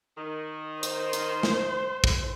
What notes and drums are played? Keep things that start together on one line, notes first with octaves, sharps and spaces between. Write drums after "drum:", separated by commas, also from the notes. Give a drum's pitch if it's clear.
D#3
C5, drum: hi-hat
drum: hi-hat
drum: snare
drum: kick